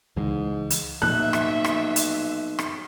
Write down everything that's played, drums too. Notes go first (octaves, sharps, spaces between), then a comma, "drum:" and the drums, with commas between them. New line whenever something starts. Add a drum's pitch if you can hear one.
C#2 G#2 E3 G#3
drum: hi-hat
B1 A#2 F3 E5 F#6
drum: rim click
drum: rim click
drum: hi-hat
drum: rim click